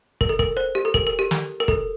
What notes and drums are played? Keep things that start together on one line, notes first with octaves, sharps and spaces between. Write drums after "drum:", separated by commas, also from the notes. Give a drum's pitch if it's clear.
A#4, drum: kick
A4
A#4, drum: kick
C5
G4
A4
A#4, drum: kick
A#4
G4
drum: snare
A#4
A4, drum: kick